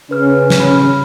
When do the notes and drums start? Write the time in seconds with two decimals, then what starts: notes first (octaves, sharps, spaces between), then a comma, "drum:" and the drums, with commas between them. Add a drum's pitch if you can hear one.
0.11 C#3 C#4 B4 F6
0.50 drum: snare
0.60 B5 F6